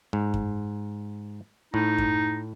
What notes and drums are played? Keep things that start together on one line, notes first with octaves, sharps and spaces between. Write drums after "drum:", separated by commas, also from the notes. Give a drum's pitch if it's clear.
G#2
drum: kick F#2
A2 D#4
drum: kick F#2